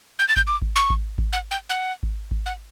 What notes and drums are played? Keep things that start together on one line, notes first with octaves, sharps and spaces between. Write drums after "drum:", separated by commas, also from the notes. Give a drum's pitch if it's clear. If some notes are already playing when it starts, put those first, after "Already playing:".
G6
A6
G6, drum: kick G#1
D6
drum: kick G#1
C#6
drum: kick G#1
drum: kick G#1
F#5
G5
F#5
drum: kick G#1
drum: kick G#1
F#5